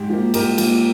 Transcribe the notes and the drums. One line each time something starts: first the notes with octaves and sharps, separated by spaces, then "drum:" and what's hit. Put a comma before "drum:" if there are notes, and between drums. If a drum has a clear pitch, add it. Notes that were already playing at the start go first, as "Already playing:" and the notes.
Already playing: G#2 G4
F3 A#3
G#2 G4 A#4, drum: cymbal
F3 A#3, drum: cymbal